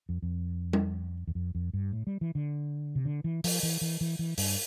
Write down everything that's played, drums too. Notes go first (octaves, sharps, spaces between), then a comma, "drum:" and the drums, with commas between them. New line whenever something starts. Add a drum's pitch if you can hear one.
F2
F2
drum: tom G3
E2
F2
F2
G2
A2
G3
E3
D3
C3
D3
E3
F3, drum: open hi-hat
E3
E3
E3
E3
G2, drum: open hi-hat